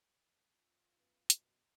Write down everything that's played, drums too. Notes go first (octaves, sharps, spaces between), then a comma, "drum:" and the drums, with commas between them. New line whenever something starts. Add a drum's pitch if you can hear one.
F4
F#2 B3 B4
B2, drum: hi-hat